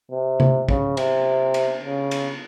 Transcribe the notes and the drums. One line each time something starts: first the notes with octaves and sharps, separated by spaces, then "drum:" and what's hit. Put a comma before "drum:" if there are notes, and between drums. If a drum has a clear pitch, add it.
C3
drum: tom C3
C#3, drum: kick
C3, drum: cymbal
drum: cymbal
C#3
drum: cymbal